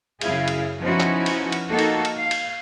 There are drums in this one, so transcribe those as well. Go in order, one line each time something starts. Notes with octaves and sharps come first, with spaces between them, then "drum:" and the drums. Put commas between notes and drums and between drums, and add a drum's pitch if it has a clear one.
F#2 C#3 E4 G#4 F5, drum: cymbal
drum: cymbal
F3 B3 C#4 D#4 E4 F#4
drum: clap
drum: cymbal
drum: cymbal
A#3 D#4 F#4 A4
drum: cymbal
drum: cymbal
F5
drum: cymbal